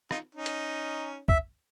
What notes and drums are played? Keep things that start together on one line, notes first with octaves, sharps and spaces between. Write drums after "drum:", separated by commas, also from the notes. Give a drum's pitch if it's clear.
D#4 F4, drum: rim click
C#4 D#4
drum: hi-hat
E5, drum: kick